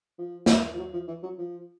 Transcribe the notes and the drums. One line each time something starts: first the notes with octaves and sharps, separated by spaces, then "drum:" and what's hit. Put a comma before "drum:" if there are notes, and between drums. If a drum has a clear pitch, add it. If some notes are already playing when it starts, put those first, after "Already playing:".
F3
drum: snare
F3
F#3
F3
E3
F#3
F3